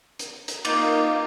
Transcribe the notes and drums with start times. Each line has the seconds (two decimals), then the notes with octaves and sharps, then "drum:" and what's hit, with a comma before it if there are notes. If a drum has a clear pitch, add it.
0.19 drum: hi-hat
0.48 drum: hi-hat
0.65 A#3 D#4 D6 G6, drum: cymbal